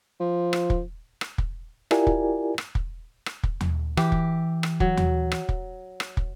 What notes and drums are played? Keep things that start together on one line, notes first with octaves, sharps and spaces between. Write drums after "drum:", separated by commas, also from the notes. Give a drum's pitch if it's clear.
F3
drum: rim click
drum: kick
drum: rim click
drum: kick
E4 F4 G4 A#4 D5 G#5, drum: rim click
drum: kick
drum: rim click
drum: kick
drum: rim click
drum: kick
drum: tom
E3 G4, drum: rim click
drum: kick
drum: rim click
F#3, drum: kick
drum: tom
drum: rim click
drum: kick
drum: rim click
drum: kick